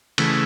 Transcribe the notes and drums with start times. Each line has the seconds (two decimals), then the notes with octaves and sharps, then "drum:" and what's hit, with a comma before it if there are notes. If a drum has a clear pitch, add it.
0.18 C#3 E3 A3, drum: cymbal